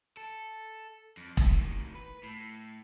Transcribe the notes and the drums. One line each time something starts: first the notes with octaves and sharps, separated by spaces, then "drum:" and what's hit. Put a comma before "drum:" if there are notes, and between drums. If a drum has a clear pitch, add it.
A4
F2
A2 D#3, drum: kick E1
B4
A2